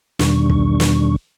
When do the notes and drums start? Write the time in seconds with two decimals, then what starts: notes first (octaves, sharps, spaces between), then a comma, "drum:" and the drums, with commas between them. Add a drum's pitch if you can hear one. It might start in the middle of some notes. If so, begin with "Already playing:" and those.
0.19 E2 B2 D#3 G3 D4 C#6, drum: snare
0.50 drum: kick
0.80 drum: snare